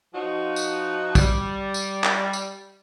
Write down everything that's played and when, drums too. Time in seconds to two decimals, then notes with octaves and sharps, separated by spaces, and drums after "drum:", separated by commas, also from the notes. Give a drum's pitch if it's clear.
0.15 F3 D#4 F#4
0.56 drum: tambourine
1.15 G3, drum: kick, tambourine
1.74 drum: tambourine
2.04 drum: clap
2.33 drum: tambourine